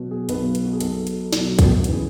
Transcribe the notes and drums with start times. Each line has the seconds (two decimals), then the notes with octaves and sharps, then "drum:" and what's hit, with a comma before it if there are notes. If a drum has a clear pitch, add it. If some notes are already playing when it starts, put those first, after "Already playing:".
Already playing: B2 F#3
0.11 G#4
0.29 B1 B2 F#3 B4, drum: hi-hat
0.55 drum: hi-hat
0.65 F#4
0.73 G#4
0.81 B1 B2 F#3 A4, drum: hi-hat
1.07 drum: hi-hat
1.33 B1 B2 F#3, drum: snare
1.59 drum: kick, hi-hat
1.84 F#1 E3, drum: hi-hat
1.93 G#4